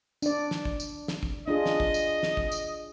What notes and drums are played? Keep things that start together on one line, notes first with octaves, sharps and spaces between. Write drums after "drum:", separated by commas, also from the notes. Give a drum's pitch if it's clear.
D4 D5, drum: tambourine
drum: snare
drum: kick
drum: tambourine
drum: snare
drum: kick
D4 F4 G#4 D#5
drum: snare
drum: kick
drum: tambourine
drum: snare
drum: kick
drum: tambourine